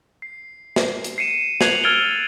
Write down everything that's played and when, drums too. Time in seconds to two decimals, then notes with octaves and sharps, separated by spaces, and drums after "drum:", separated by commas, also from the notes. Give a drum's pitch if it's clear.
0.22 C7
0.76 drum: snare
1.04 drum: hi-hat
1.18 C7 C#7 D#7 E7
1.61 F#6 G#6 C7 F7 F#7, drum: snare
1.84 E6 F6 G#6 A6 D7 G7